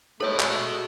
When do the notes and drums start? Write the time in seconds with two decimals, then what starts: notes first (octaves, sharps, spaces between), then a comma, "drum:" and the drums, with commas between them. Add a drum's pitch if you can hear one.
0.21 G#3 A3 F#4 A4 C#5 B5
0.40 drum: clap